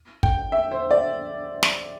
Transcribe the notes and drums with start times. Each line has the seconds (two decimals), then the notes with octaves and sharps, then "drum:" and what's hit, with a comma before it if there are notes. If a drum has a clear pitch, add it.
0.23 G5, drum: kick
0.52 E5
0.72 C5
0.91 D5
1.63 drum: snare